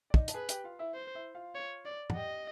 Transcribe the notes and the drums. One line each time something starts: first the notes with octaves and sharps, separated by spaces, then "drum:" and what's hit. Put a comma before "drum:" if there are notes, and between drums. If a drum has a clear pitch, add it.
D5
D#4 D#5, drum: kick
A5, drum: hi-hat
G#4 B4 G#5
G4 G5, drum: hi-hat
F4 F5
E4 E5
C5
E4 E5
F4 F5
C#5
D5
F#5, drum: tom G#2
G4 D#5 G5